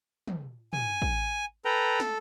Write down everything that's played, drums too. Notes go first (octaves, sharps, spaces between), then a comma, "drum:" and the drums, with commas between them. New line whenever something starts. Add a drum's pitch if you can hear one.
drum: tom
G#5, drum: tom
drum: kick
A4 B4 G5 A#5
drum: snare